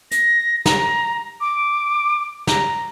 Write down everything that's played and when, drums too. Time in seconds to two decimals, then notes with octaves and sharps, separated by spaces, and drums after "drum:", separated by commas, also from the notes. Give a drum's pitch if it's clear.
0.11 A#6, drum: hi-hat
0.66 A#5, drum: snare
1.41 D6
2.47 A#5, drum: snare